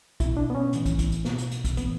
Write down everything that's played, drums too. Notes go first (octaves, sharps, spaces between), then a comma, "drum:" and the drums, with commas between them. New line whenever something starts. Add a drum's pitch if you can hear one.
B2 E4, drum: kick, hi-hat
D4
B3
C#4
A2 E3, drum: hi-hat
drum: kick, hi-hat
drum: kick, hi-hat
drum: hi-hat
B2, drum: snare
drum: hi-hat
drum: hi-hat
drum: kick, hi-hat
A2 E3 B3, drum: hi-hat